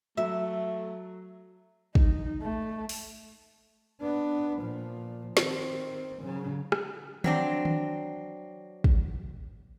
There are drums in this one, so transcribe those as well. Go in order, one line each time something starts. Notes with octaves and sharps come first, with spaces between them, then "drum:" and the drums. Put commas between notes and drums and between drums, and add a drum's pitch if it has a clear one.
F#3 A3 E5
D#4, drum: kick
A3
drum: open hi-hat
B3 D4
A#2 F3
D#3 C4, drum: snare
C#3 F#3
drum: rim click
F#3 C4 D4, drum: tom D#3
drum: tom D#3
drum: kick